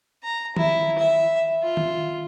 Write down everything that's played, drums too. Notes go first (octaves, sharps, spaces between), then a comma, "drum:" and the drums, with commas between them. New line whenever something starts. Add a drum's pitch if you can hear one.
A#5
E4, drum: tom D#3
E5
F4
drum: tom D#3